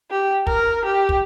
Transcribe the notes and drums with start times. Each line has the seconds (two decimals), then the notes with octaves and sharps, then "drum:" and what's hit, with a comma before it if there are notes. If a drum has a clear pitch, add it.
0.11 G4
0.47 A#4, drum: kick
0.85 G4
1.09 drum: kick